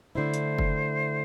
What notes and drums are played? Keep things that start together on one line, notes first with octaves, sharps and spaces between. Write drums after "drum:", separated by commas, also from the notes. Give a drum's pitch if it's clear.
D3 A3 E4 C5
drum: hi-hat
drum: kick